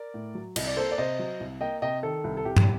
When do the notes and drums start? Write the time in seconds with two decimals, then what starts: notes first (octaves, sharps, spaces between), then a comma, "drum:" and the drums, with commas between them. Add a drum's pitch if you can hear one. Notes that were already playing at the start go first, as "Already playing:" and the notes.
Already playing: A#4 D5
0.14 A2
0.35 F#3
0.56 C2 D#5, drum: cymbal
0.67 D5
0.77 A#3 A4 C5
0.91 D5
0.98 C3 C5 D#5
1.19 F#3
1.40 C2
1.61 A#3 D#5 G5
1.82 C3 D#5 G5
2.03 D#3 A4
2.24 C2
2.37 A4
2.45 C2 G4
2.57 drum: tom